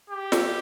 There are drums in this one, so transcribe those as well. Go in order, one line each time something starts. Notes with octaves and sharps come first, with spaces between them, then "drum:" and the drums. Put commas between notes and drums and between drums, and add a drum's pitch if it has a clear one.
G4
drum: snare